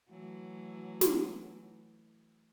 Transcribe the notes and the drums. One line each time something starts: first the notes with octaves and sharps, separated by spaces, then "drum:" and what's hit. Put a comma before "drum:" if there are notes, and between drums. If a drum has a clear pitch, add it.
E3 F#3 A3
drum: snare